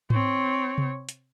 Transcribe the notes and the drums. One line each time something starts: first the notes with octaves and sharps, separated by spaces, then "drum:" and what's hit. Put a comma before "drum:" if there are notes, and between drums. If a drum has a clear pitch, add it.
C4 C#5, drum: tom G#2
drum: tom C3
drum: hi-hat